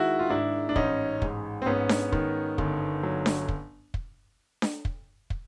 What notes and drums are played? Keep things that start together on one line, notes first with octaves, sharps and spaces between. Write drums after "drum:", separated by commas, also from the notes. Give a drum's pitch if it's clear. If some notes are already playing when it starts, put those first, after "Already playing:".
Already playing: D#3 G#3 E4 F#4
F4
G#2 D4 E4
D4
A1 C#4 D#4, drum: kick
G#2, drum: kick
C4
G#2 B3 C#4
drum: snare D4
D#3, drum: kick
G1, drum: kick
F#3
drum: snare D4
drum: kick
drum: kick
drum: snare D4
drum: kick
drum: kick